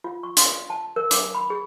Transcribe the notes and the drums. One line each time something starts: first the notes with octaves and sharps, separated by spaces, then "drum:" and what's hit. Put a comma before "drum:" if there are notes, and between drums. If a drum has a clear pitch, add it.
F4
C#6
C6, drum: hi-hat
A5
A#4
D6, drum: hi-hat
B5
G#4